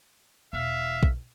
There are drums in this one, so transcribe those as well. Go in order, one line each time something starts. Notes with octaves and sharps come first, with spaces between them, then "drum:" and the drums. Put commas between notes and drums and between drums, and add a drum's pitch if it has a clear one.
E1 E5 F5
drum: kick